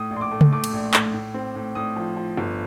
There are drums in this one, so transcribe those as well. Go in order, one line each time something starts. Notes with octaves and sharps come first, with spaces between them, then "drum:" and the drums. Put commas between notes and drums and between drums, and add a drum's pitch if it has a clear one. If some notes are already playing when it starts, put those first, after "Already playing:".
Already playing: A2 D#6
A#1
C6
D6
A3
drum: tom C#3
A3 D6
drum: cymbal
A#1
A2, drum: clap
A2
C4
A2
A2 D#6
F3
F3
G1